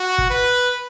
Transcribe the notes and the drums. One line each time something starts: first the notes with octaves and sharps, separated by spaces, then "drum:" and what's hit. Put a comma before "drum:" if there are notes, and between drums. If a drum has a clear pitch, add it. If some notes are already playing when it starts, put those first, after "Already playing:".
Already playing: F#4
drum: kick
B4